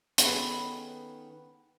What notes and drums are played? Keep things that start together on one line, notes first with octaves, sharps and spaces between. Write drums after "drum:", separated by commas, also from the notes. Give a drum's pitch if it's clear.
D#3 B3 C#4 G#4 A4 B4, drum: hi-hat